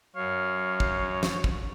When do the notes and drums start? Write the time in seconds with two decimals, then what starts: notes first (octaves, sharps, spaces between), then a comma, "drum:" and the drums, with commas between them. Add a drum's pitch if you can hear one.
0.16 F#2 C#5 F5
0.80 drum: kick
1.23 drum: snare
1.44 drum: kick